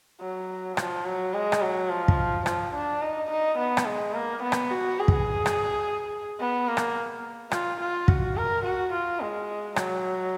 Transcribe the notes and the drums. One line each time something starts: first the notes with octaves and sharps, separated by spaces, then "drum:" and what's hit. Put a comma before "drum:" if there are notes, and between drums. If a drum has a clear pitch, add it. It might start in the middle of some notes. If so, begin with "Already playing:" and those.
F#3
F3, drum: rim click
F#3
G#3
drum: rim click
F#3
F3
drum: kick
F3, drum: rim click
D4
D#4
D#4
B3
drum: rim click
G#3
A#3
B3
drum: rim click
F#4
G#4
drum: kick
drum: rim click
B3
A#3
drum: rim click
F4, drum: rim click
F4
F#4, drum: kick
A#4
F#4
F4
G#3
F#3, drum: rim click